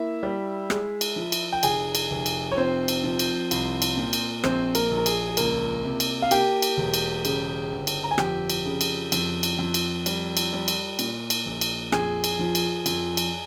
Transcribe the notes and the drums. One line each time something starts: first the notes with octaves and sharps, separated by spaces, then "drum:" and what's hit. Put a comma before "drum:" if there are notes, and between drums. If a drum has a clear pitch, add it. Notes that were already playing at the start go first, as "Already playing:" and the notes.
Already playing: A#3 E4 E5
G3
G#3, drum: rim click
drum: cymbal
F3
drum: cymbal
G5
F1 G#4 G#5, drum: cymbal
drum: cymbal
F1
drum: cymbal
C#5
F3 C4 C5
drum: cymbal
F3
drum: cymbal
C2, drum: cymbal
drum: cymbal
A#2
drum: cymbal
A#1 C4 C5, drum: rim click
A#3 A#4, drum: cymbal
A#1
A#4
G#4, drum: cymbal
G#4
C#2 A#3 A#4, drum: cymbal
C3
drum: cymbal
F5
A#3 G4 G5, drum: cymbal
drum: cymbal
E1
drum: cymbal
C#3, drum: cymbal
G1
drum: cymbal
A#5
G#5
F2 G4 G5, drum: rim click
drum: cymbal
C#3
drum: cymbal
F2, drum: cymbal
drum: cymbal
F2
drum: cymbal
G3, drum: cymbal
drum: cymbal
G3
drum: cymbal
A#2, drum: cymbal
drum: cymbal
A#1
drum: cymbal
F2 G#4 G#5, drum: rim click
drum: cymbal
F3
drum: cymbal
F2, drum: cymbal
drum: cymbal